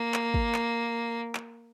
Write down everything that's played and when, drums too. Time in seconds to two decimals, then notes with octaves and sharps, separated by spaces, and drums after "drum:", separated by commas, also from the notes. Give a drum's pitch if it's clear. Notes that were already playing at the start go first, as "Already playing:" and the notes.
Already playing: A#3
0.14 drum: clap
0.34 drum: kick
0.54 drum: clap
1.35 drum: clap